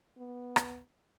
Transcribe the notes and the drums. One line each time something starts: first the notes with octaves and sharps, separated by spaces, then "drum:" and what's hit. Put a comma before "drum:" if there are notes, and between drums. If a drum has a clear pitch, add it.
B3
drum: rim click